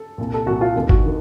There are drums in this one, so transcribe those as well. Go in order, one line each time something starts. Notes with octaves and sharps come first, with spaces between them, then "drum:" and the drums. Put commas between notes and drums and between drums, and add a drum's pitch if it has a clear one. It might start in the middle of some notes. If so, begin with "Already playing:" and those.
Already playing: A4
C2 A#2
A4
C2 A#2 F#4
F4
F1 D#2 D#3
F#4, drum: kick G1
D#3